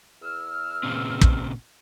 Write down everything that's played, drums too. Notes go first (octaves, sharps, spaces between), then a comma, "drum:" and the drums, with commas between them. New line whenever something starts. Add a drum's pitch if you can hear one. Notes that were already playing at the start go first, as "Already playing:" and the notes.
E2 E6 F6
A#2 C#3 C4
drum: kick